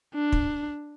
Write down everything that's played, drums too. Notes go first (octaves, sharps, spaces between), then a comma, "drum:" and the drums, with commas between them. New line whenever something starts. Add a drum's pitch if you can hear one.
D4
drum: kick